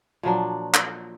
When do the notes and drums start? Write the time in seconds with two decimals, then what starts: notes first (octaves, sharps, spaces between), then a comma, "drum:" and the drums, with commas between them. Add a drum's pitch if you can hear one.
0.23 A#2 F3 F#3 D4
0.74 drum: clap